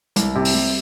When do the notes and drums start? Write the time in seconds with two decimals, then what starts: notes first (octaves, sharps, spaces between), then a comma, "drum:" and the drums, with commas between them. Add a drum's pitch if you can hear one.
0.16 C2, drum: hi-hat
0.35 C3
0.45 drum: open hi-hat
0.55 G3